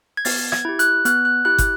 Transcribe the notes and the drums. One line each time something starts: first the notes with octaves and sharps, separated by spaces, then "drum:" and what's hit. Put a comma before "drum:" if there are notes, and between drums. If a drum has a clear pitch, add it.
G#6
B3 A6, drum: open hi-hat
G#6, drum: rim click
E4 G4
F#6, drum: hi-hat
B3 F#6, drum: hi-hat
F#6
E4 G4 F#6
drum: kick, hi-hat